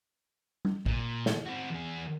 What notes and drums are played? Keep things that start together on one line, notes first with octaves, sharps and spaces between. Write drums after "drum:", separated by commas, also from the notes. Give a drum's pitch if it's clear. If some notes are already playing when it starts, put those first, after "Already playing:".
drum: tom G3
A#2, drum: kick
drum: snare
C4 F#4
E2 G#4